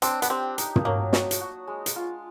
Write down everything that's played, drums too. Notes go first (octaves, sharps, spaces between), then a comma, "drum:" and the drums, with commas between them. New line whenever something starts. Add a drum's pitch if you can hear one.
C4 D4, drum: hi-hat
B3, drum: hi-hat
C4 G4
D#4, drum: hi-hat
drum: tom
F#3 A#3
F#4, drum: snare
drum: hi-hat
F#4
G#3
drum: hi-hat
F4